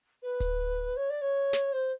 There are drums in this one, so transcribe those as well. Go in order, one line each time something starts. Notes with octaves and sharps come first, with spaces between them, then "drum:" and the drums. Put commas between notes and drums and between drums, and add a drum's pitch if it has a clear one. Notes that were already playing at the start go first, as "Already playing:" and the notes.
B4
drum: kick D1, hi-hat
C#5
D5
C#5
drum: snare
C5